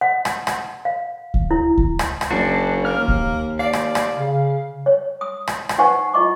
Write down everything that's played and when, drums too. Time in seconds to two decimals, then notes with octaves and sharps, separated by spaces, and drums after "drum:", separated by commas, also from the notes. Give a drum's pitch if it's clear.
0.01 F#5
0.25 drum: rim click
0.47 drum: rim click
0.85 F5
1.34 drum: kick D2
1.51 E4
1.77 drum: kick D2
1.99 drum: rim click
2.21 drum: rim click
2.31 F#1 D4 F#4
2.85 A#3 F6
2.98 D#2
3.08 drum: kick D2
3.59 D5 F5
3.73 drum: rim click
3.95 drum: rim click
4.17 C#3
4.86 C#5
5.21 D#6
5.48 drum: rim click
5.69 drum: rim click
5.78 D#4 B4 C5 F#5 G#5 C#6
6.13 E4 F4 D#5 C#6 D6